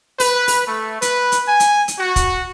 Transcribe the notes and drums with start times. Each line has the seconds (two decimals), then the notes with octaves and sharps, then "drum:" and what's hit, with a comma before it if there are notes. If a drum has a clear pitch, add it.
0.20 B4, drum: open hi-hat
0.48 drum: open hi-hat
0.68 A3
1.02 B4, drum: hi-hat
1.32 drum: hi-hat
1.48 G#5
1.60 drum: hi-hat
1.88 drum: hi-hat
1.99 F#4
2.16 drum: kick, hi-hat